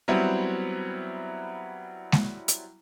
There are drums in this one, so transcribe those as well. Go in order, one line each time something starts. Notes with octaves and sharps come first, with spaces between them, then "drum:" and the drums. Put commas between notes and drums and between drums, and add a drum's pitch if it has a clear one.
F#3 G3 B3 C4 E4
drum: snare G#3
drum: hi-hat